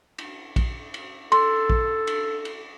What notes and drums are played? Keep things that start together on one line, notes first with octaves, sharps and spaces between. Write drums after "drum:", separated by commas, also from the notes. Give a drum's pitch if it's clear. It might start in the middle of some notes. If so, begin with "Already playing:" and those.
drum: cymbal
drum: kick A#1, cymbal
drum: cymbal
A4 C6, drum: cymbal
drum: kick A#1
drum: cymbal
drum: cymbal